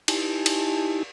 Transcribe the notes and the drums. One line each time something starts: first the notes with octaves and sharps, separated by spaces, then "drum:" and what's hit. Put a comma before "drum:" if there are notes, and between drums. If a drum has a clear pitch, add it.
D#4 E4 G4 G#5 A5, drum: cymbal
drum: cymbal